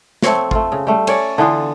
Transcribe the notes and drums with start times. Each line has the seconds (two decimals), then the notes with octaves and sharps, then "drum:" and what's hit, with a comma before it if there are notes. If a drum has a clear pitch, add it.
0.22 A3 C4 C#5 F5, drum: snare
0.51 A3 F4, drum: kick
0.72 C#3
0.87 G3 A3 F5
1.07 C#4 C#5 D5, drum: cymbal
1.38 D3 E3 B3 F4